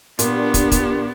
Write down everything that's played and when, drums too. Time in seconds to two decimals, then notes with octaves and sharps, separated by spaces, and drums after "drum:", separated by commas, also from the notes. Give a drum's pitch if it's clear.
0.19 A#2 B3 D4 G4, drum: hi-hat
0.54 drum: kick, hi-hat
0.72 drum: kick, hi-hat